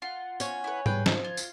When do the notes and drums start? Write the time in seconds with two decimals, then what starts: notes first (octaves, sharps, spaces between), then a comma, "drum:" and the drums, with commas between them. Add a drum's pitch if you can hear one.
0.02 F4 F#5 C6
0.40 C#4 C#5, drum: tambourine
0.64 E4 B4
0.86 G3 G#4 B4 G5, drum: tom G#2
1.06 F3, drum: snare
1.24 F4 G#6
1.37 drum: tambourine